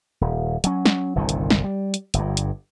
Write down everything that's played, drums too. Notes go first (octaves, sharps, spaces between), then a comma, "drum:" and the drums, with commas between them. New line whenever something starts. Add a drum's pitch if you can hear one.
D#1
F#3 C#4, drum: hi-hat
drum: snare
G1 C2 A#2 D#3
drum: hi-hat
drum: snare
G3
drum: hi-hat
G1 G2, drum: hi-hat
drum: hi-hat